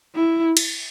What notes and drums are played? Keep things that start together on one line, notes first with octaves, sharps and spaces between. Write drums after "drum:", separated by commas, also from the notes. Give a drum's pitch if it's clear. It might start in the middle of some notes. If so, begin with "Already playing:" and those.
E4
drum: cymbal